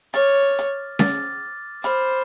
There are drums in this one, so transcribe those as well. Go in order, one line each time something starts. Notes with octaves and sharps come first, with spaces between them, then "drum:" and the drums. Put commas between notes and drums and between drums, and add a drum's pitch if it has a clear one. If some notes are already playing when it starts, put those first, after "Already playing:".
C#5 D6 F6 A6, drum: hi-hat
drum: hi-hat
D6 F6 A6, drum: snare C#4
C5 B5 D6 F6, drum: hi-hat